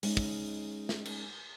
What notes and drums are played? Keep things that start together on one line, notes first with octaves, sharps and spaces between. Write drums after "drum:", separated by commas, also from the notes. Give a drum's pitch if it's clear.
G#3 C#4 D#4, drum: open hi-hat
drum: kick
drum: snare
drum: cymbal